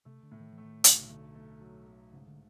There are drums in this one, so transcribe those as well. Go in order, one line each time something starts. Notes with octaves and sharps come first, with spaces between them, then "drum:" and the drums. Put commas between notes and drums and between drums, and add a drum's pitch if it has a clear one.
C3 A3
D3
A2
D#3
E3
A3
D#3
B1, drum: hi-hat
C#3
D3 A3
A3
F#3
A3
G#2 C#3
D3